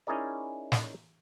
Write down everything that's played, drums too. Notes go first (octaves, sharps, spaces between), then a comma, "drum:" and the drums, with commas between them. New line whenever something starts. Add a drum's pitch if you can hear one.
C#4 D#4 E4 G#4 A#4 D5
drum: snare